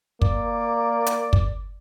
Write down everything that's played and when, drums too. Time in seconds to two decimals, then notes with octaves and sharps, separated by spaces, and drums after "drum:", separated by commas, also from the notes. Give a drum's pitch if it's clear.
0.22 A#3 D5, drum: kick
1.06 drum: hi-hat
1.33 drum: kick